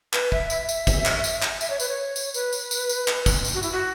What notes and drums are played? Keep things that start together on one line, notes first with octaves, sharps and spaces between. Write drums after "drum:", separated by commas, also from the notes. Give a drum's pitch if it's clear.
B4, drum: clap
E5, drum: kick
E5, drum: tambourine
drum: tambourine
drum: kick, tambourine
drum: clap
drum: tambourine
drum: clap
E5, drum: tambourine
C#5
B4, drum: tambourine
C#5
drum: tambourine
B4, drum: tambourine
drum: tambourine
drum: tambourine
drum: tambourine
drum: clap
drum: kick, tambourine
drum: tambourine
F#4
E4, drum: tambourine
F#4